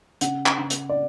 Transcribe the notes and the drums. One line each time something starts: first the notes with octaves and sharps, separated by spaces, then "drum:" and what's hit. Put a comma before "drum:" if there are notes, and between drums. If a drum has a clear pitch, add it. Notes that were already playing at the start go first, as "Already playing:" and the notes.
C#3 F#5, drum: hi-hat
drum: clap
C#3
drum: hi-hat
D5